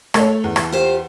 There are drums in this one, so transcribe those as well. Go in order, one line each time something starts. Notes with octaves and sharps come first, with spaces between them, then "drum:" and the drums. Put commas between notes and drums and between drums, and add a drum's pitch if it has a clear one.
A3 A4 C#5, drum: rim click
E2
drum: rim click
F4 G4 C5